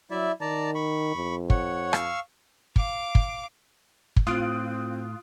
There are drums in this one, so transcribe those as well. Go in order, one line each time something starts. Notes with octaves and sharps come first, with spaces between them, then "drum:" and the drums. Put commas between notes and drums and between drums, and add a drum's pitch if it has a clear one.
F#3 E4 D5 E5
D#3 D5 A5 A#5
B5 C#6
F2
C#5 F#5, drum: kick
F5 C#6 E6, drum: rim click
F5 D6, drum: kick
drum: kick
drum: kick
A2 C4 F4 D#6 F#6 D7